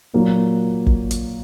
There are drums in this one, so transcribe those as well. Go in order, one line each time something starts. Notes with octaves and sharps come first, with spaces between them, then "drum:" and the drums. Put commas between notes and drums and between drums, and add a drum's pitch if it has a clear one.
A#2 F#3 A#3
drum: kick
drum: hi-hat